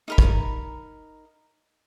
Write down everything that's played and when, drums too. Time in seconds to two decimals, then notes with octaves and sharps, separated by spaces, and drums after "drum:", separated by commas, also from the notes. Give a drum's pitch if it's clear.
0.08 D#4 A#4 B5
0.18 drum: kick